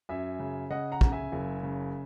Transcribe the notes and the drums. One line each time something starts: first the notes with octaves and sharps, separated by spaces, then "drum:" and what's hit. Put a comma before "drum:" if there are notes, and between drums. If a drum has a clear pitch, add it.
F#2 E5 G#5
C#3
C#3 D#5 F#5
F#5 A#5
C#3, drum: kick
E5 G#5
F#1
C#3